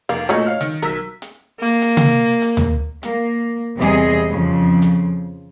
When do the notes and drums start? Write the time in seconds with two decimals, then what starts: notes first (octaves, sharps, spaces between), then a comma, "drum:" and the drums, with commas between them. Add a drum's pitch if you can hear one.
0.09 F1 A#3 F5
0.29 A#2 F#3 A3 C#4 D#4
0.46 C#5 F5 F6
0.61 D#3, drum: hi-hat
0.82 B1 A#4 E6 B6
1.22 drum: hi-hat
1.60 A#3
1.82 drum: hi-hat
1.97 drum: tom C3
2.42 drum: hi-hat
2.57 drum: tom D2
3.03 A#3, drum: hi-hat
3.77 E2 C3 G3 C4 G#4 D#5
4.29 F2 C#3 F3
4.82 drum: hi-hat